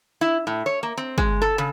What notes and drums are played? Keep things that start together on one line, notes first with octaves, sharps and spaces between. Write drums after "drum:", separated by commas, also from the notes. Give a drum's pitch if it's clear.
E4
A2
C#5
A#3
C4
G#3, drum: kick
A4
C#3